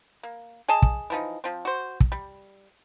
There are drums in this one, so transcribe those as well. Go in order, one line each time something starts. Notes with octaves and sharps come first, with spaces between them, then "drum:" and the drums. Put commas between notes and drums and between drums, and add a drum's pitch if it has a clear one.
A#3
G#4 D#5 G#5 A5
drum: kick
E3 F3 D#4
F3 C4
F#4 C5
drum: kick
G3